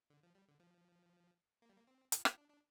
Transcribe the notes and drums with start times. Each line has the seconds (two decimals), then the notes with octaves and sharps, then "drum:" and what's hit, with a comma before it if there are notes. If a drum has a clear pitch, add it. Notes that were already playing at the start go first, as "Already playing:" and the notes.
0.10 D3
0.23 F3
0.35 G3
0.48 D3
0.60 F3
1.62 A#3
1.70 G3
1.77 A#3
1.87 C4
2.12 F4, drum: hi-hat
2.25 F4, drum: rim click
2.38 D4
2.50 D4